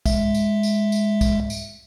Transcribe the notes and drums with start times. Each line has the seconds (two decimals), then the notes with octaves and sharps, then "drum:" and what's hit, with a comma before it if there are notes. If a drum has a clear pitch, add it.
0.06 G#3 E5, drum: kick, tambourine
0.34 drum: tambourine
0.63 drum: tambourine
0.92 drum: tambourine
1.21 drum: kick, tambourine
1.50 drum: tambourine